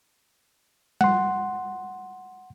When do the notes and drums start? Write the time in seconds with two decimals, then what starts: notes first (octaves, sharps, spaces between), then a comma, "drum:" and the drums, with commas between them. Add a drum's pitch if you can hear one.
1.01 F#5 C6, drum: tom G3